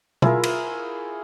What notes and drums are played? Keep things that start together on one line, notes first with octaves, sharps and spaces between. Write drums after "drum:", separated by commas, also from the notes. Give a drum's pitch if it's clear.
E4 F4 G#4 A#4, drum: tom B2
drum: cymbal